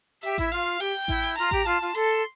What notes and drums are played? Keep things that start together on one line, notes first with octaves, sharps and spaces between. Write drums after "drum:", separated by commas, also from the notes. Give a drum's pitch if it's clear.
G4 E5, drum: hi-hat
E4, drum: kick A1, hi-hat
F4 F5, drum: hi-hat
G4 G5, drum: hi-hat
E4, drum: kick A1, hi-hat
drum: hi-hat
F4 A#5, drum: hi-hat
G4, drum: kick A1, hi-hat
F4 A5, drum: hi-hat
F4
A4 C6, drum: hi-hat